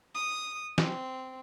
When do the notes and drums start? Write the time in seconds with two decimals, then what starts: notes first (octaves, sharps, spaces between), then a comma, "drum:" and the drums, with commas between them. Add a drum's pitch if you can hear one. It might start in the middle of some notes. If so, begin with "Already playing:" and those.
0.15 D#6
0.78 C4, drum: snare